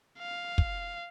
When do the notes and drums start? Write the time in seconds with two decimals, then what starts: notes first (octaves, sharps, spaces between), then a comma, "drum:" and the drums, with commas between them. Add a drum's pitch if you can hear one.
0.19 F5
0.58 drum: kick